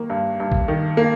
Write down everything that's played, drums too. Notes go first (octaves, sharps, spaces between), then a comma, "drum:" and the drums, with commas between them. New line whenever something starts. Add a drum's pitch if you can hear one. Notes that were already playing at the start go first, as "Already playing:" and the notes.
Already playing: D#3 A#3
G2
G2
drum: kick A#1
D#3
A#3